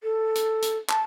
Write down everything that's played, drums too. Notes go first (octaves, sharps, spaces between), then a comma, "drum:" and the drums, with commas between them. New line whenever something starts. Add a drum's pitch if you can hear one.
A4
drum: hi-hat
drum: hi-hat
A5, drum: clap